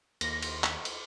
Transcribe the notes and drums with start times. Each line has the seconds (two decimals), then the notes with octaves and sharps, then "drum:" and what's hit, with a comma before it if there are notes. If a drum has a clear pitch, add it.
0.21 D#2 A#6, drum: cymbal
0.42 drum: cymbal
0.64 drum: clap
0.85 drum: cymbal